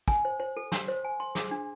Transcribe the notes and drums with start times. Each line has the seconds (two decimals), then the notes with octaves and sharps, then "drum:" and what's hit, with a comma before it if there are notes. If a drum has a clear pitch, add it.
0.08 G#5, drum: kick
0.25 C5
0.40 C5
0.57 A4
0.72 C6, drum: snare
0.88 C5
1.05 G#5
1.20 C6
1.35 G#4, drum: snare
1.51 D4